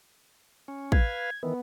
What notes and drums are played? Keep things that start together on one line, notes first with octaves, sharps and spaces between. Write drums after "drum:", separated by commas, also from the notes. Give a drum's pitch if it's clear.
C#4
B4 F5 G#6, drum: kick
D#3 E3 B3